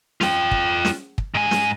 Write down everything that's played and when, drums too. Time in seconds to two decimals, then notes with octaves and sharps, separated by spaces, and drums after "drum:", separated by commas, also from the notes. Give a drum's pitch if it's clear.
0.21 F4 G5, drum: snare
0.51 drum: kick
0.85 drum: snare
1.18 drum: kick
1.34 G#2 G#5
1.51 drum: snare